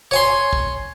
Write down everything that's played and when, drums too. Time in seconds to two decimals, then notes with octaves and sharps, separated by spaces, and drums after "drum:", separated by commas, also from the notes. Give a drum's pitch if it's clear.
0.11 C#5 G#5 C6
0.53 drum: kick